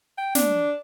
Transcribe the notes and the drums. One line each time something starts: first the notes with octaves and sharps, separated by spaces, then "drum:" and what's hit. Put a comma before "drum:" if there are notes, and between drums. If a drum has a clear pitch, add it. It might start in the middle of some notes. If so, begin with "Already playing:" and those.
G5
D4, drum: snare